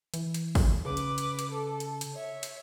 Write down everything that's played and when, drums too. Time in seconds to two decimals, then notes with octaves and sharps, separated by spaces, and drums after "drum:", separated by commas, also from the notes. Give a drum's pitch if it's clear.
0.14 E3, drum: hi-hat
0.34 drum: hi-hat
0.55 drum: kick, open hi-hat
0.85 C#3 B4 D6
0.97 drum: hi-hat
1.18 drum: hi-hat
1.39 drum: hi-hat
1.51 A4
1.80 drum: hi-hat
2.01 drum: hi-hat
2.13 C#5 E5
2.43 drum: hi-hat